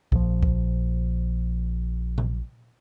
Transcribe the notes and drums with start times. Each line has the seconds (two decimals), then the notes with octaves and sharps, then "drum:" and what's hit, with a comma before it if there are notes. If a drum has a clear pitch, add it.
0.12 A#1 F3, drum: kick C#2
0.42 drum: kick C#2
2.18 drum: tom A#2